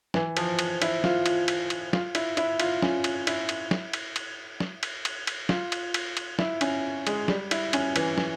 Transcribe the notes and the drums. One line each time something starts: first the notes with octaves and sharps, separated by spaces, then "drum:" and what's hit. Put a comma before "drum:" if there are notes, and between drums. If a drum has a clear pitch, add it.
E3, drum: snare
F3, drum: cymbal
drum: cymbal
E4, drum: cymbal
F4, drum: snare
drum: cymbal
drum: cymbal
drum: cymbal
F4, drum: snare
E4, drum: cymbal
E4, drum: cymbal
F4, drum: cymbal
C#4, drum: snare
drum: cymbal
E4, drum: cymbal
drum: cymbal
drum: snare
drum: cymbal
drum: cymbal
drum: snare
drum: cymbal
drum: cymbal
drum: cymbal
F4, drum: snare
drum: cymbal
drum: cymbal
drum: cymbal
E4, drum: snare
C#4, drum: cymbal
G#3, drum: cymbal
G3, drum: snare
E4, drum: cymbal
C#4, drum: cymbal
E3, drum: cymbal
drum: snare